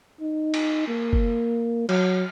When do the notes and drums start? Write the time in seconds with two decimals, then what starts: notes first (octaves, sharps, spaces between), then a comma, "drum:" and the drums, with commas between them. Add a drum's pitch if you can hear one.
0.21 D#4
0.54 drum: cymbal
0.88 A#3
1.13 drum: kick F#1
1.89 F#3, drum: cymbal